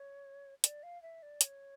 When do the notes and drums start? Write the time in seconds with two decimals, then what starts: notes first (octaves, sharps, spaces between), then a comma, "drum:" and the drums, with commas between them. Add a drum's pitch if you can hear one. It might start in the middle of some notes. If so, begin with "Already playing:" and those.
Already playing: C#5
0.64 D5, drum: hi-hat
0.83 F5
1.02 E5
1.23 D5
1.41 C#5, drum: hi-hat